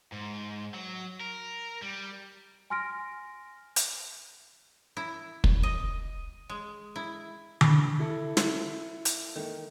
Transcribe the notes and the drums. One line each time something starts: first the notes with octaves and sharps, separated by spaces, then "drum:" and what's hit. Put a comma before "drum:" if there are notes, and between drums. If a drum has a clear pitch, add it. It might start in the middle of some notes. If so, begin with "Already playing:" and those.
G#2
F#3
A#4
G3
G#5 C6 F6 A#6 D7
drum: hi-hat
E4
drum: kick
D#5
G#3
E4
D4 B5 C#6, drum: tom D3
E4 A4
drum: snare
drum: hi-hat
D#3 A#3 A4 G5